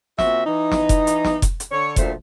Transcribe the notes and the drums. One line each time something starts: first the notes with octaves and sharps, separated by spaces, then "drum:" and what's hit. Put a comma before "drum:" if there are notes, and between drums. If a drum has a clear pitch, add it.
A#2 C4 F#4 E5, drum: snare
E3 D#4
drum: snare
drum: kick F1, hi-hat
drum: hi-hat
drum: snare
drum: kick F1, hi-hat
drum: hi-hat
D3 C#5
D2 A#2 F3 A3 C5, drum: kick F1, hi-hat